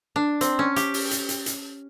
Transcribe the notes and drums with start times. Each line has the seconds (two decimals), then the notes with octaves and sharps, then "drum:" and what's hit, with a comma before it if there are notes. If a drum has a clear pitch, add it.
0.16 D4
0.41 C4, drum: hi-hat
0.59 C#4
0.76 G4, drum: hi-hat
0.94 drum: open hi-hat
1.11 drum: hi-hat
1.29 drum: hi-hat
1.46 drum: hi-hat